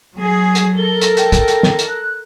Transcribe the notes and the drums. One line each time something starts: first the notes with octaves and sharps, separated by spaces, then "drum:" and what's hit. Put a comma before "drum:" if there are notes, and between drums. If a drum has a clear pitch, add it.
F#3 G#4
drum: hi-hat
A4 A#4 G7
drum: hi-hat
G5, drum: hi-hat
drum: kick, hi-hat
drum: hi-hat
drum: snare
drum: hi-hat
F#6